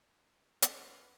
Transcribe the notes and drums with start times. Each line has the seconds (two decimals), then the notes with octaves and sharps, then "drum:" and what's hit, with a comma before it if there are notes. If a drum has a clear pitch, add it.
0.62 C#4 F4 B4 F#5, drum: hi-hat